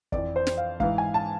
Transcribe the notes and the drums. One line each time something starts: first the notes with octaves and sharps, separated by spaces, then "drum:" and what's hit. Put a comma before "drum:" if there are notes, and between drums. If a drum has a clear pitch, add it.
F2 E3 D5, drum: kick
C5
drum: snare
F5
G#2 E3 F5, drum: kick
G#5
A5